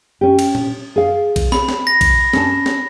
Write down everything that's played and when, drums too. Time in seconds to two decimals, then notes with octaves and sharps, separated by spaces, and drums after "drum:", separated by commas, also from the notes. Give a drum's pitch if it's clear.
0.21 C#4 G4
0.39 drum: cymbal
0.55 drum: tom A#2
0.96 G#4 F5
1.36 drum: kick B1, cymbal
1.52 B5, drum: snare
1.68 drum: snare
1.87 A#6
2.01 drum: kick B1, cymbal
2.33 C#4 A5, drum: snare
2.66 drum: snare